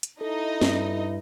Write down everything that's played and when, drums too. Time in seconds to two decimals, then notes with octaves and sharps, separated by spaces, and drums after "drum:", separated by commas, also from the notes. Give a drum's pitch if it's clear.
0.03 drum: hi-hat
0.21 D#4 E4 A4 D#5
0.61 G2, drum: snare